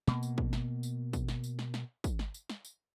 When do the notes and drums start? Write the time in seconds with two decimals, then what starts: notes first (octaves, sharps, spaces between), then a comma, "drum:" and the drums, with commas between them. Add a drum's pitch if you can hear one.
0.07 B2 A#3, drum: snare
0.23 drum: tambourine
0.38 drum: kick
0.53 drum: snare
0.83 drum: tambourine
1.13 drum: kick, tambourine
1.28 drum: snare
1.44 drum: tambourine
1.59 drum: snare
1.74 drum: snare
2.04 drum: kick, tambourine
2.19 drum: snare
2.34 drum: tambourine
2.49 drum: snare
2.65 drum: tambourine